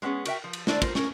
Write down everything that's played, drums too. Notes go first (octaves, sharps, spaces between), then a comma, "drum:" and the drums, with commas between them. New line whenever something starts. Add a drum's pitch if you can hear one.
G#3 A3 B3 C#4 G#4
F#4 A#4 E5 G5, drum: cymbal
F3
drum: cymbal
D3 A3 D4 C5 D5, drum: snare
F4 A#4 C5, drum: kick, cymbal
C#4 A#4, drum: snare